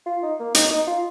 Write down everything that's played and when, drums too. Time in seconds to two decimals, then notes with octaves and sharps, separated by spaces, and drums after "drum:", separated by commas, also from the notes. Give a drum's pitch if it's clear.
0.06 F4
0.23 D#4
0.39 A#3
0.55 D#4, drum: hi-hat
0.71 D#4
0.87 F4